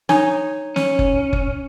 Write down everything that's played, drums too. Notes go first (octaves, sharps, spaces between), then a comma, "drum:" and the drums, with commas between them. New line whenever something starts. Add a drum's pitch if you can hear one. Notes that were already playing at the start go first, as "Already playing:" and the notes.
D#4 C#5 G#5, drum: snare
C#4, drum: snare
drum: kick F#1
drum: kick F#1